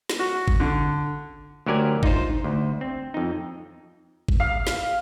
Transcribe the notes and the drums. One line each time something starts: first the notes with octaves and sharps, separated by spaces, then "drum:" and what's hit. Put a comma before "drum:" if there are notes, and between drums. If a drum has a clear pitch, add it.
drum: snare
F#4
drum: kick G1
D3
D2 F#3 G4 A#4 D5 G#5
D#4 F4 C5, drum: kick G1
D2
C4
F2 D#4
drum: kick G1
F5
drum: snare